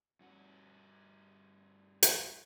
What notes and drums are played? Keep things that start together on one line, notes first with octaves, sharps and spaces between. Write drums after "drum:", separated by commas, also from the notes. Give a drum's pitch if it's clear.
G2 F#4
drum: hi-hat